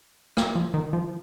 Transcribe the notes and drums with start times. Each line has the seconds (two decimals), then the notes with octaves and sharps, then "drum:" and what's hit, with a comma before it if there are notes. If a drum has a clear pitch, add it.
0.37 A#3, drum: rim click
0.55 F3
0.74 D#3
0.93 F3